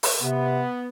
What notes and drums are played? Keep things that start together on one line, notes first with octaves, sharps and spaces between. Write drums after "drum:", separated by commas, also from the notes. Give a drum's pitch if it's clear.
drum: open hi-hat
C3 B3